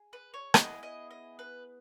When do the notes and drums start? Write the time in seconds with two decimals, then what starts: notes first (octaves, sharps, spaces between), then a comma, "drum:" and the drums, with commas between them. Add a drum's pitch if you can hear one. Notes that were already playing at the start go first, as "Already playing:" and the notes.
Already playing: G#4
0.13 B4
0.34 C#5
0.54 B3 E4 G#4 D#5, drum: rim click
0.83 D#5
1.11 D#5
1.39 B4